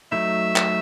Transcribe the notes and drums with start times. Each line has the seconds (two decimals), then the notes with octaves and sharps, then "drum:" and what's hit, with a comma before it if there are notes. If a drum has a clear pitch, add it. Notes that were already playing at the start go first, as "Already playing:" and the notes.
0.12 F#3 A3 D#4 E5
0.56 drum: clap